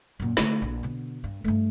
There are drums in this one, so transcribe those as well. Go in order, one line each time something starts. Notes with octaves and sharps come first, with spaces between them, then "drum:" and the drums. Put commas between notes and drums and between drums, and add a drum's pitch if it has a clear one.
F#2 A#2
D3 A3, drum: snare
A#1
B2 D3
G2
G2 A3